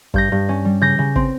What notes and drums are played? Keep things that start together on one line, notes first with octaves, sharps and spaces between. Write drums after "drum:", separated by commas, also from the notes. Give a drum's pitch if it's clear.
G2 G6 A#6, drum: kick
G2
C#4
G3
C#3 G6 A#6
C#3
C4, drum: kick